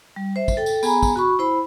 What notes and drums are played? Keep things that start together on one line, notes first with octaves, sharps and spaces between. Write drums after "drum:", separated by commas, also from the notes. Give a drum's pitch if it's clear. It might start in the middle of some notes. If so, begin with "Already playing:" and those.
G3
C5 E5
drum: kick, tambourine
A4 G5
drum: tambourine
B3 G#4 G#5 A#5 B5, drum: tambourine
drum: kick, tambourine
F#4 B5 C#6
E4 C5 B5